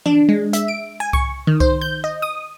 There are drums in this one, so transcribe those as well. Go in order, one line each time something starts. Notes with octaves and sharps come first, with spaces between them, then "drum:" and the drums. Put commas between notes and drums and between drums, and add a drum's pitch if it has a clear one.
D4, drum: tom E3
G#3
E5, drum: hi-hat
D7
G#5
C#6, drum: kick C2
D#3
C5, drum: kick C2
G6
D#5
D#6